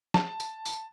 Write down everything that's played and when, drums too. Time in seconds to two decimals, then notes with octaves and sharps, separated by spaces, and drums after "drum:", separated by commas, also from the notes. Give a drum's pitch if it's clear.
0.14 A5, drum: snare
0.40 drum: tambourine
0.65 drum: tambourine